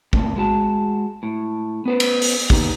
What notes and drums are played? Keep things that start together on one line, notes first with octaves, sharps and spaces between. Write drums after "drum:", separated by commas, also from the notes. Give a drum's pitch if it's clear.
C3 A3 A#3, drum: kick
G#3 F#4 A5
A2
B3 B4 C5
drum: cymbal
drum: open hi-hat
A#3 B3 D#4 G4, drum: kick